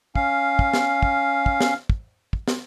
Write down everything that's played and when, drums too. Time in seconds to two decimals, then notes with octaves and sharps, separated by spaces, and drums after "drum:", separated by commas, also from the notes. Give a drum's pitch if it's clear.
0.15 C#4 F5, drum: kick
0.59 drum: kick
0.74 drum: snare
1.03 drum: kick
1.46 drum: kick
1.61 drum: snare
1.90 drum: kick
2.33 drum: kick
2.48 drum: snare